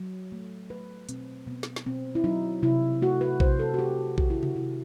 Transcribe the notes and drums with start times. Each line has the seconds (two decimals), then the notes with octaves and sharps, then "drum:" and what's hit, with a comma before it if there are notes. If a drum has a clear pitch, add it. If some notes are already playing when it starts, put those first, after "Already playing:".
Already playing: F#3
0.32 A3
0.70 A3 B4
1.09 B2 C4, drum: hi-hat
1.47 B2 B3
1.63 drum: snare
1.76 drum: snare
1.86 B2 C4
2.15 E4
2.24 F#3 D#4
2.63 C3 E4
3.02 A3 F#4
3.21 B4
3.40 C3 C5, drum: kick A#1
3.59 A4
3.74 F#4
3.79 A3 G4
4.18 D#3 F#4, drum: kick A#1
4.30 E4
4.43 F#4, drum: tom C3
4.56 C3 E4